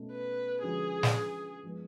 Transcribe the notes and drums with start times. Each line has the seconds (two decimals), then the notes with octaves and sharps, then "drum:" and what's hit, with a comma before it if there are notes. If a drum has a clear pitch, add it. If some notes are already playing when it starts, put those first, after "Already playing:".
Already playing: B2 A3 C#4
0.12 B4
0.63 D3 F3 G#3 C#4 F#4 G#4
1.03 drum: snare
1.63 F3 G#3 B3